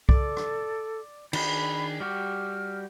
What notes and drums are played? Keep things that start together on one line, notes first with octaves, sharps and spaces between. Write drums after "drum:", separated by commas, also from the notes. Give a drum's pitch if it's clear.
A4 D5, drum: kick
drum: rim click
D#3 D4 G#4 B5, drum: cymbal
G3 F#4 G4 F6